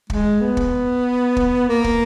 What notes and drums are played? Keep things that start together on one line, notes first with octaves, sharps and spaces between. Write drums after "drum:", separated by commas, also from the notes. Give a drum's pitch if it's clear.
G#3, drum: kick
B3
drum: kick
drum: kick
A#3
drum: kick